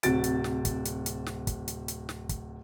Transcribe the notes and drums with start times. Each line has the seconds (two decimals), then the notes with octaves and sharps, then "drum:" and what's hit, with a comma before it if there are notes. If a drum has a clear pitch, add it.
0.03 D1 C3 F#4 A6 D7, drum: hi-hat
0.24 drum: hi-hat
0.44 drum: snare
0.65 drum: kick, hi-hat
0.85 drum: hi-hat
1.06 drum: hi-hat
1.26 drum: snare
1.47 drum: kick, hi-hat
1.68 drum: hi-hat
1.88 drum: hi-hat
2.09 drum: snare
2.29 drum: kick, hi-hat